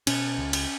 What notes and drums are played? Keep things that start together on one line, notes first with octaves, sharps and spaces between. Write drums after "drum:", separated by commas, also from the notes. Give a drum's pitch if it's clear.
B2 C#4, drum: cymbal
C#2
drum: cymbal